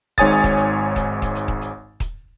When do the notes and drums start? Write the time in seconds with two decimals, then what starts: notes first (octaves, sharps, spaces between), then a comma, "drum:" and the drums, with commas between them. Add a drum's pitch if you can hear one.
0.18 G#1 G#2 C#5 G#5 D#6 A6, drum: kick D#1, hi-hat
0.31 drum: hi-hat
0.44 drum: kick D#1, hi-hat
0.57 drum: hi-hat
0.96 drum: kick D#1, hi-hat
1.22 drum: kick D#1, hi-hat
1.35 drum: hi-hat
1.48 drum: kick D#1
1.61 drum: hi-hat
2.00 drum: kick D#1, hi-hat